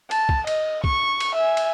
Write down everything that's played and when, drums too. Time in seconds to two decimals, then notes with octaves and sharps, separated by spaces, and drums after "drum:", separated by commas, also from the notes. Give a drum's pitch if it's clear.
0.11 A5, drum: cymbal
0.29 drum: kick
0.47 D#5, drum: cymbal
0.84 C#6, drum: kick
1.20 drum: cymbal
1.35 E5 G#5
1.57 drum: cymbal